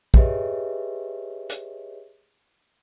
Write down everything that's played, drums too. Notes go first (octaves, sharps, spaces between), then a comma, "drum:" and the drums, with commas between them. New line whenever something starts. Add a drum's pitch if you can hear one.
G4 G#4 B4 C#5 D#5 E5, drum: kick
drum: hi-hat